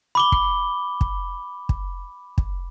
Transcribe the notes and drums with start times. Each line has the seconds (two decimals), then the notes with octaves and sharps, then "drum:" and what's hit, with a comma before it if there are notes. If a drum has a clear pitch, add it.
0.15 B5 D6 G7
0.32 drum: kick
1.01 drum: kick
1.69 drum: kick
2.38 drum: kick